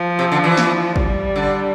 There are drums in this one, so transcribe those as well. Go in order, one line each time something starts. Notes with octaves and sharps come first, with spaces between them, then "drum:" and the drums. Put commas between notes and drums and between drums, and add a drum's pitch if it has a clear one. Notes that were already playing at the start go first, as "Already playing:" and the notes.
Already playing: F3
C3
D3
E3
drum: snare
G3, drum: kick
D3